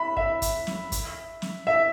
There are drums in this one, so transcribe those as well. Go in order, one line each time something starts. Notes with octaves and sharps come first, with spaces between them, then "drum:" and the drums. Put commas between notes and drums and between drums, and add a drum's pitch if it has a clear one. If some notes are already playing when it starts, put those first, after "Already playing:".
Already playing: E5 B5
E5, drum: kick
drum: kick, hi-hat
drum: snare
drum: kick, hi-hat
drum: snare
E5